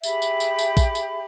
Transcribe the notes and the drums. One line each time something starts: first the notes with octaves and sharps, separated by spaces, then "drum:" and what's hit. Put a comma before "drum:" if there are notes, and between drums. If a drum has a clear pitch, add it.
G4 G#4 E5 B5, drum: tambourine
drum: tambourine
drum: tambourine
drum: tambourine
drum: kick, tambourine
drum: tambourine